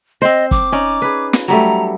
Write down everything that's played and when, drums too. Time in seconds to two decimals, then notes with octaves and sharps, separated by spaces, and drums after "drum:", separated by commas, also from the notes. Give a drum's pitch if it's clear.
0.22 C4 C5 D#5
0.51 D6, drum: kick
0.72 C#4 D#4 D5
1.02 G#4 B4
1.33 drum: snare
1.48 F#3 G3 A3 A#5